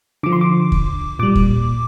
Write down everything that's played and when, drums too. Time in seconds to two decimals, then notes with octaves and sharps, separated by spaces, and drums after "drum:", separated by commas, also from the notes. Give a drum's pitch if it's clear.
0.23 D3 F3 D6
0.32 C6
0.41 D6
0.72 drum: kick
1.19 A#2 G3 D6
1.35 drum: kick